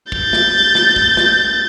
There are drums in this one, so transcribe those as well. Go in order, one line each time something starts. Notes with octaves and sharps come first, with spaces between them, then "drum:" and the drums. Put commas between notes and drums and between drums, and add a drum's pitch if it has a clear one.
G6 A6, drum: kick
drum: snare
drum: snare
drum: kick
drum: snare